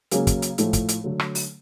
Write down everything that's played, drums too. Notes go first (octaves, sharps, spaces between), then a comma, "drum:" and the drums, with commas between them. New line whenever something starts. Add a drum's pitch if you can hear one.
C#3 F#3 A#3 G#4, drum: hi-hat
drum: kick, hi-hat
drum: hi-hat
A2 F3 A3, drum: hi-hat
drum: kick, hi-hat
drum: hi-hat
D3 F#3 A3
drum: rim click
drum: open hi-hat